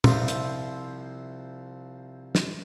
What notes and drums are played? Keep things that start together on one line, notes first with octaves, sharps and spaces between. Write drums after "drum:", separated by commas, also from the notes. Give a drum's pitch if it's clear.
C2 F3 E5 A#5 C6, drum: tom
drum: hi-hat
drum: snare